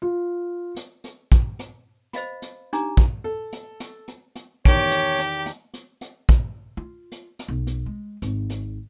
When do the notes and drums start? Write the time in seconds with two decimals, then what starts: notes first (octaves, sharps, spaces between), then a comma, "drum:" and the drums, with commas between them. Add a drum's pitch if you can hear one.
0.02 F4
0.76 drum: hi-hat
1.04 drum: hi-hat
1.32 drum: kick, hi-hat
1.59 drum: hi-hat
2.13 C5 D#5 F5 B5, drum: hi-hat
2.42 drum: hi-hat
2.73 D4 D#4 G4 G#5 A#5 D6, drum: hi-hat
2.97 drum: kick, hi-hat
3.24 A4
3.53 drum: hi-hat
3.80 drum: hi-hat
4.08 drum: hi-hat
4.35 drum: hi-hat
4.65 E2 D#3 G4 C#5 D7, drum: kick, hi-hat
4.91 drum: hi-hat
5.18 drum: hi-hat
5.46 drum: hi-hat
5.74 drum: hi-hat
6.01 drum: hi-hat
6.29 drum: kick, hi-hat
6.77 F4
7.12 drum: hi-hat
7.39 drum: hi-hat
7.48 B1
7.67 drum: hi-hat
7.86 G#3
8.22 G#1, drum: hi-hat
8.50 drum: hi-hat